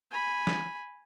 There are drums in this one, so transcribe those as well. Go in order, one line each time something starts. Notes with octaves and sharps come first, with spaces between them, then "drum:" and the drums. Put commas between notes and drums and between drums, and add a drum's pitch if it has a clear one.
G#5 B5
drum: snare